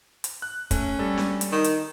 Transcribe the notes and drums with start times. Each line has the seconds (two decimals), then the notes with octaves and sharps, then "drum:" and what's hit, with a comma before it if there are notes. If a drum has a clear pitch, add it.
0.24 drum: hi-hat
0.42 F#6
0.71 A3 C#4, drum: kick, hi-hat
0.99 G3 A4
1.18 drum: snare
1.41 drum: hi-hat
1.52 D#3
1.64 drum: hi-hat